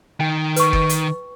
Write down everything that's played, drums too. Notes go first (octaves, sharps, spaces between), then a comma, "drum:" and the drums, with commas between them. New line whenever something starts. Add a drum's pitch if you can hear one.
D#3 G5
B4 C#6, drum: hi-hat
drum: kick G1
drum: hi-hat